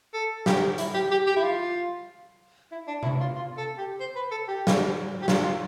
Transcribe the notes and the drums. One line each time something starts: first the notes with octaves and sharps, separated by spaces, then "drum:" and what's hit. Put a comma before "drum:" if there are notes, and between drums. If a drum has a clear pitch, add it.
A4
G4, drum: snare
E4, drum: hi-hat
G4
G4
G4
E4
F4
E4
D4
E4, drum: tom C3
F4
F4
A4
G4
C5
B4
A4
G4
drum: snare
G4
F4, drum: snare
F4